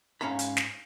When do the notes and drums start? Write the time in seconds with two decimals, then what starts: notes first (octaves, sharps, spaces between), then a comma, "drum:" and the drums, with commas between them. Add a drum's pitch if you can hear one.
0.21 G#2 C#4 F5 A#5 B5
0.39 drum: hi-hat
0.57 drum: snare